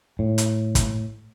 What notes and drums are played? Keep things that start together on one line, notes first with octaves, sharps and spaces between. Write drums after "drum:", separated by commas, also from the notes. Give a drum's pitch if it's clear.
A2
drum: hi-hat
drum: kick, hi-hat